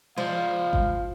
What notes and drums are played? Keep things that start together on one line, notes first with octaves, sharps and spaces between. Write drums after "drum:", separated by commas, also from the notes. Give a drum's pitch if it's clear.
F3 G#3 D5 F5
drum: kick G#1